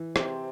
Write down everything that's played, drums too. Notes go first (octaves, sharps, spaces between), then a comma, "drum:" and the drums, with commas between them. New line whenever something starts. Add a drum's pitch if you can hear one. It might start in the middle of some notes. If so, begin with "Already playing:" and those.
Already playing: E3
C3 C4, drum: rim click